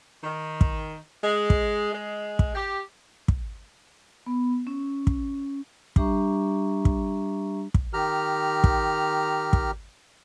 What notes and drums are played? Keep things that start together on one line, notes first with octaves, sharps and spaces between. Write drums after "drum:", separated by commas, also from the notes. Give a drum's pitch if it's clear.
D#3
drum: kick
G#3
drum: kick
G#3
drum: kick
G4
drum: kick
B3
C#4
drum: kick
G3 D4 G4 E5 A#5 C#6, drum: kick
drum: kick
drum: kick
D#3 G4 A#5 F6
drum: kick
drum: kick